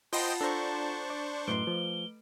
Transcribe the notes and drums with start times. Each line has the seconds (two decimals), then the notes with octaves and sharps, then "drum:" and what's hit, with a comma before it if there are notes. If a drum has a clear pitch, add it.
0.13 F4 C5 D#5 F#5 G5 A5 B5, drum: open hi-hat
0.41 D4 A4 C5 A#5 C#6
1.10 D5
1.48 F#2 A2 A3 B4 C6 D7 G7
1.67 F3